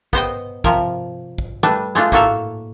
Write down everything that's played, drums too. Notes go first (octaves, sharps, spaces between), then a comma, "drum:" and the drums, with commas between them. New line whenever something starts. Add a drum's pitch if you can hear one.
B3 C5 D#5 G5, drum: kick
C3 F3 A#4, drum: kick
drum: kick
G3 A3 D4 B4
G#3 A3 D4 F4
A2 A#3 F#4 A4 E5 F5, drum: kick